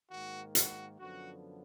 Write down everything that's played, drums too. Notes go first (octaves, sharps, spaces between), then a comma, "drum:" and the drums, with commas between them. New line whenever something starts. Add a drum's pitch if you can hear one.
G#2 D#3 A#3 F#4
F#4, drum: hi-hat
F#2 D3 F3 B3 F#4